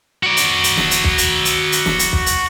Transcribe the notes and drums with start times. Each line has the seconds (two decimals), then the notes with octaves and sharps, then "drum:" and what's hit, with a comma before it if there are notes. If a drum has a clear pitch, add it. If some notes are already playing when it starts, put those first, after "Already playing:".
0.23 F#4 D5
0.37 drum: hi-hat
0.64 drum: hi-hat
0.77 drum: snare
0.91 drum: hi-hat
1.04 drum: kick
1.18 drum: hi-hat
1.45 drum: hi-hat
1.72 drum: hi-hat
1.86 drum: snare
1.99 drum: hi-hat
2.13 drum: kick
2.26 drum: hi-hat